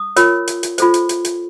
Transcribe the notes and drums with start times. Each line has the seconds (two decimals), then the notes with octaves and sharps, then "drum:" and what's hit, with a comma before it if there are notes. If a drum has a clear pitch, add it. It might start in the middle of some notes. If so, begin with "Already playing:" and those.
Already playing: D#6
0.16 F4 A#4 C#5, drum: hi-hat
0.47 drum: hi-hat
0.63 drum: hi-hat
0.78 F4 A4 C5, drum: hi-hat
0.94 drum: hi-hat
1.09 drum: hi-hat
1.25 drum: hi-hat